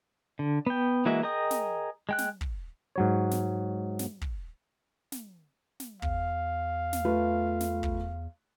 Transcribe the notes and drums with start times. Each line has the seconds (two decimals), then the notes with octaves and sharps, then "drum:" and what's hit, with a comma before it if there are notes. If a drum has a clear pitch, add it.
0.39 D3
0.66 B3 G5
1.05 E3 G#3 A#3 F#4 E5
1.23 G#4 A#4 D#5 G5 D#6
1.51 drum: snare
2.09 G#3 G5 F#6
2.18 drum: snare
2.41 drum: kick
2.96 G#2 F#3 C#5
3.31 drum: snare
3.99 drum: snare
4.22 drum: kick
5.12 drum: snare
5.80 drum: snare
6.02 E2 F5, drum: kick
6.93 drum: snare
7.05 A3 F4 B4
7.60 drum: snare
7.83 drum: kick